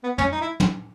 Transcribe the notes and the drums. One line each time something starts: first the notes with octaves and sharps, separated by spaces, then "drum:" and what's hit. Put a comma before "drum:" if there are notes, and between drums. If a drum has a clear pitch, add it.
B3
C#4, drum: tom
D#4
E4
drum: tom